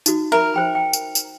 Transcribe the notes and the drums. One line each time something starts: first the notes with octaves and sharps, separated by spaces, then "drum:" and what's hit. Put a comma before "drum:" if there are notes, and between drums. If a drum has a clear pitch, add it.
D#4 F#4, drum: tambourine
A#4 E5 B5
C5 G5 B5
G5
drum: tambourine
drum: tambourine